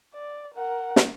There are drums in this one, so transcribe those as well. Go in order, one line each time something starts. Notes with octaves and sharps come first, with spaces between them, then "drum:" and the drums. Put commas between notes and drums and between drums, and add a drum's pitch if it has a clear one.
D5
A#4 F#5
drum: snare